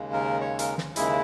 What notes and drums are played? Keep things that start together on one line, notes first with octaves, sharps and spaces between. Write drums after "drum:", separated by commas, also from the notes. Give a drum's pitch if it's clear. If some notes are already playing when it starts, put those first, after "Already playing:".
Already playing: D#2 C#3 G#3
A#4
C#5
A#4, drum: hi-hat
drum: snare
D#2 C#3 G#3 E4, drum: hi-hat